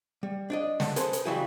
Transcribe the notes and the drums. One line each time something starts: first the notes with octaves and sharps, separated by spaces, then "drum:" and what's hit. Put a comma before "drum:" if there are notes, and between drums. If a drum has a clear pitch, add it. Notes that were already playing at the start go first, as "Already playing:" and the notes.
G3
D4 D5 D#5
D3, drum: snare
G#4 A4 B4 C5, drum: hi-hat
drum: hi-hat
C#3 E3 F#3 G3 E4 G#4